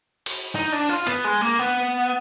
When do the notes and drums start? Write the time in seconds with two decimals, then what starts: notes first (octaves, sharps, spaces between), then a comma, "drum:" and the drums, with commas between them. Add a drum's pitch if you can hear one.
0.26 drum: cymbal
0.55 D#4
0.72 D4
0.89 F4
1.07 B3, drum: hi-hat
1.24 G#3
1.41 A#3
1.59 B3